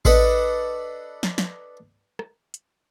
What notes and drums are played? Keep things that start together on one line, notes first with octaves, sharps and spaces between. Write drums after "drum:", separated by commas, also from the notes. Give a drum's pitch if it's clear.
D4 A4 B4 D#5 F#5, drum: kick A1
drum: snare
drum: snare
drum: rim click
drum: hi-hat